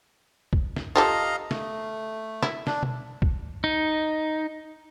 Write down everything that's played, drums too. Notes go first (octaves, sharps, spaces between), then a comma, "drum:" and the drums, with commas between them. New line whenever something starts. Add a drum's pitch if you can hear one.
drum: kick
drum: snare
F4 G4 A4 D#5 F5 A#5
A3, drum: snare
E4, drum: snare
D4, drum: snare
drum: tom B2
drum: kick
D#4